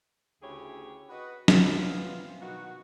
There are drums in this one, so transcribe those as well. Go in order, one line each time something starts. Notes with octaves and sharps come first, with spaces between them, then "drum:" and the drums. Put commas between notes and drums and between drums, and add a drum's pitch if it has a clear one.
D2 C#3 E4 G4 G#4 C#5
F#4 B4 D#5
E3 B3 C4 F4, drum: snare
B2 D#3 D#4 F#4